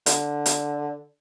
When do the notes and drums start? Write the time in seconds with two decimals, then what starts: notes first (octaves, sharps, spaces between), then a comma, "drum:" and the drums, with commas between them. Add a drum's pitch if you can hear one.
0.06 D3, drum: hi-hat
0.46 drum: hi-hat